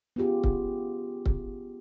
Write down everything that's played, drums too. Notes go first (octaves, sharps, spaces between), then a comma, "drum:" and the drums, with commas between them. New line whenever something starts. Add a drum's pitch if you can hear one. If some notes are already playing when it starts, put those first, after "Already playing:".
B3 C#4 F4 G4 G#4
drum: kick C#1
drum: kick C#1